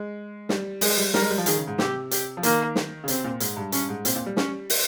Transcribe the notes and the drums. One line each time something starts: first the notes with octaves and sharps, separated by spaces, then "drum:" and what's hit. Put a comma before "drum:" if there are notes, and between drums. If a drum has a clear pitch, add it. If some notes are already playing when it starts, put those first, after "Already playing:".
Already playing: G#3
G3, drum: snare
G#3 G#4, drum: open hi-hat
G3
G3 A#4, drum: snare
G#3
G3
F3
D#3 G#4, drum: hi-hat
C#3
G#2
C3 G4, drum: snare
G4, drum: hi-hat
F3
D#3 A#3, drum: hi-hat
drum: snare
C#3
C3 C4, drum: hi-hat
A#2
G#2, drum: hi-hat
G2
G2 C#4, drum: hi-hat
G#2
A#2 C4, drum: hi-hat
A#2
G3
C#4, drum: snare
drum: open hi-hat